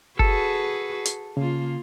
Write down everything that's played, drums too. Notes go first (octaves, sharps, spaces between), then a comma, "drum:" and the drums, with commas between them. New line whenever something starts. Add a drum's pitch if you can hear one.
F#4 G#4 A4 B4, drum: kick
drum: hi-hat
C#3 A#3 F4